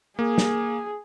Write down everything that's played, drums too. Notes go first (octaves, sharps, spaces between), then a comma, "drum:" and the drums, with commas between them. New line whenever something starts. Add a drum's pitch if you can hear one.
A#3 G#4
drum: snare